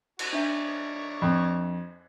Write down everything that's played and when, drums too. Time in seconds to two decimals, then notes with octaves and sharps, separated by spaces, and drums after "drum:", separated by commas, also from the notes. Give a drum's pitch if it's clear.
0.19 F#4, drum: cymbal
0.33 D4 C#5 D5 E5 A#5
1.22 F2